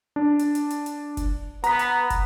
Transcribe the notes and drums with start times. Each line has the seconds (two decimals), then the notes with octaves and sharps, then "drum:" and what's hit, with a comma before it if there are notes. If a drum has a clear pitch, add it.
0.16 D4
0.39 drum: hi-hat
0.55 drum: hi-hat
0.70 drum: hi-hat
0.86 drum: hi-hat
1.17 drum: kick, hi-hat
1.64 B3 A#5 B6, drum: hi-hat
1.79 drum: hi-hat
2.10 drum: kick, hi-hat